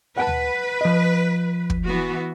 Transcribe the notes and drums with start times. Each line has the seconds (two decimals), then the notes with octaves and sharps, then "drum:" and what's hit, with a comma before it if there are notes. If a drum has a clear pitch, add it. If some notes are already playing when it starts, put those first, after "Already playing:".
0.18 B4 F#5 G5 A5
0.27 drum: tom D2
0.81 F3 D#5
1.70 drum: kick
1.85 E3 B3 F#4